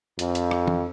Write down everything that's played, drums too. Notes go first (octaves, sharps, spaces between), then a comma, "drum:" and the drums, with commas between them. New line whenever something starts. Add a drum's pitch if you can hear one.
F2, drum: hi-hat
drum: hi-hat
drum: rim click
drum: tom